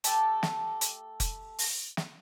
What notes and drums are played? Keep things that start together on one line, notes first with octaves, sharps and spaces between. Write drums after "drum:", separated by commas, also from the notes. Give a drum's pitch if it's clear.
A3 G4 A4 A5, drum: hi-hat
drum: snare
drum: hi-hat
drum: kick F1, hi-hat
drum: open hi-hat
drum: snare